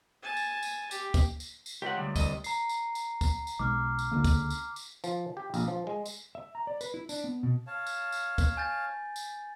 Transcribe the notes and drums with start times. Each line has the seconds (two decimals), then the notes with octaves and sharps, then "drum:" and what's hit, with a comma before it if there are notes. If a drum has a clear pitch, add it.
0.22 G#5 A5
0.37 drum: tambourine
0.62 drum: tambourine
0.91 G4, drum: tambourine
1.14 drum: kick, tambourine
1.40 drum: tambourine
1.66 drum: tambourine
1.82 C#2 G4 F#5
1.97 D2 G3
2.16 C2 D#5, drum: kick, tambourine
2.44 A#5 C7, drum: tambourine
2.69 drum: tambourine
2.95 drum: tambourine
3.21 drum: kick, tambourine
3.47 drum: tambourine
3.59 B1 G#3 D6 F6
3.99 drum: tambourine
4.11 C#2 D3 A#3
4.24 drum: kick, tambourine
4.50 drum: tambourine
4.76 drum: tambourine
5.04 F3, drum: tambourine
5.37 G4
5.54 A#1, drum: tambourine
5.68 F3
5.87 G#3
6.06 drum: tambourine
6.35 E5
6.55 A#5
6.67 D5
6.81 B4, drum: tambourine
6.94 E4
7.09 D4, drum: tambourine
7.24 B3
7.43 B2
7.67 C#5 F5 A5
7.87 drum: tambourine
8.12 drum: tambourine
8.38 drum: kick, tambourine
8.57 G#5 G6 A6
9.16 drum: tambourine